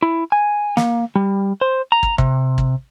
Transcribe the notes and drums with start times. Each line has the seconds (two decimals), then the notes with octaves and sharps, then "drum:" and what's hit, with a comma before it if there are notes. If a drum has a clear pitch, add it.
0.02 E4
0.32 G#5
0.77 A#3, drum: snare
1.15 G3
1.61 C5
1.92 A#5
2.03 drum: kick
2.18 C3, drum: kick
2.58 drum: kick